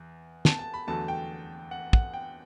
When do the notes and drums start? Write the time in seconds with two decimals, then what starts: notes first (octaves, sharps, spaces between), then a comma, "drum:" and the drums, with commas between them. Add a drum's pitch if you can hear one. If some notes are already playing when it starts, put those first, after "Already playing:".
Already playing: E2
0.45 A5, drum: snare
0.59 A5
0.74 B5
0.87 E2 D3 F#3 A3 A5
1.08 G5
1.71 F#5
1.93 F#5, drum: kick
2.14 G5